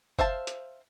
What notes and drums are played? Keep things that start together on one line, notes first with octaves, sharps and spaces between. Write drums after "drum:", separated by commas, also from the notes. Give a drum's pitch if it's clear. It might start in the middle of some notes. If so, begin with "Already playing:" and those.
C5 E5 F5 A5, drum: kick F#1
drum: hi-hat